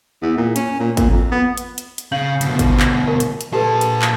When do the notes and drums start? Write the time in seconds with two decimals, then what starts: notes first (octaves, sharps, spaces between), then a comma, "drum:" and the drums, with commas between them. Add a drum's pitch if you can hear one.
0.22 E2
0.37 A#2
0.56 C#4, drum: hi-hat
0.80 A#2
0.97 A#2, drum: kick G#1, hi-hat
1.10 F2
1.32 B3
1.57 drum: hi-hat
1.78 drum: hi-hat
1.98 drum: hi-hat
2.12 C#3 F5 G6 F#7
2.41 D2 B2, drum: hi-hat
2.59 drum: kick G#1, hi-hat
2.80 drum: clap
3.08 A#4
3.20 drum: hi-hat
3.41 drum: hi-hat
3.53 A#2 G4 A4 B4 A5
3.81 drum: hi-hat
4.02 drum: clap